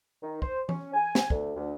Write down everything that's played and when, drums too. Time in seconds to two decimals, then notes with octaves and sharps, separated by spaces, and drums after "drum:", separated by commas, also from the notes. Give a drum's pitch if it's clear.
0.23 D#3
0.42 C5, drum: kick
0.69 C#4, drum: tom E3
0.94 G#5
1.15 drum: snare
1.30 D2, drum: kick
1.56 D2